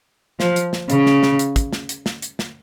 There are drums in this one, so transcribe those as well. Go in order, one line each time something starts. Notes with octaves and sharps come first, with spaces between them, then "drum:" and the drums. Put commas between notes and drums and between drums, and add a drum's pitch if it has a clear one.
F3, drum: snare
drum: hi-hat
drum: snare
C#3, drum: hi-hat
drum: snare
drum: snare
drum: hi-hat
drum: kick, hi-hat
drum: snare
drum: hi-hat
drum: snare
drum: hi-hat
drum: snare